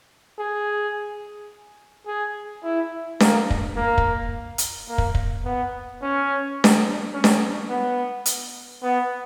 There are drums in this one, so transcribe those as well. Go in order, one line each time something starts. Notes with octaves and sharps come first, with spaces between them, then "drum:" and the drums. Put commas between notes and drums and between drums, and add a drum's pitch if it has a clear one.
G#4
G#4
E4
A#3, drum: snare D4
drum: kick
A#3
drum: kick
drum: hi-hat
A#3
drum: kick
drum: kick
B3
C#4
drum: snare D4
C#4
drum: snare D4
B3
drum: hi-hat
B3